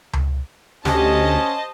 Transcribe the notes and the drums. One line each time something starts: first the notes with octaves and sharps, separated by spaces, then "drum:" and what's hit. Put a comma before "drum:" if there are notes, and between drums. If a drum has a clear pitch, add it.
drum: tom C#2
D2 C#4 G4 C5 D#5 A5, drum: snare